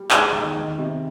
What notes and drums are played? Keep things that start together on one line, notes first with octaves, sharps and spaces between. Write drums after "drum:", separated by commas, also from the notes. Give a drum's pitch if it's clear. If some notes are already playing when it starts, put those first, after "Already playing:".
Already playing: G3
G#3, drum: clap
D#3
D#3
C3